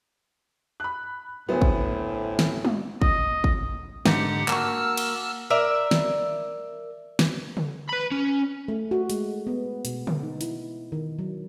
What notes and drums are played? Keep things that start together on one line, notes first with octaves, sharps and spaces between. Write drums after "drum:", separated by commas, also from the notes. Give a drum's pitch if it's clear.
B5 F#6
D2 A2 F#3 B3 C5
drum: kick
drum: snare
drum: tom
D#5, drum: kick
drum: kick
G#2 D3 D#4 G4 F#5, drum: snare
A#3 F#4 A5 E6 F6, drum: clap
drum: cymbal
A#4 D5 E5
drum: snare
drum: snare
drum: tom C#3
B4 B5
C#4
A3
F#4
G#3, drum: hi-hat
B3
B2, drum: hi-hat
drum: tom C#3
D#4
E4, drum: hi-hat
D#3
F#3